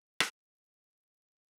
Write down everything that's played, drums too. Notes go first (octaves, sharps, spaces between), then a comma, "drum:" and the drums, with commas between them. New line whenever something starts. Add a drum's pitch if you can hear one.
drum: rim click
F#2